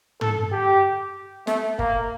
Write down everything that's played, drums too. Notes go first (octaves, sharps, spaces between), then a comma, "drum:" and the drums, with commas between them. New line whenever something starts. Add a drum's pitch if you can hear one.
A4, drum: tom
G4
A3, drum: snare
A#3, drum: kick F#1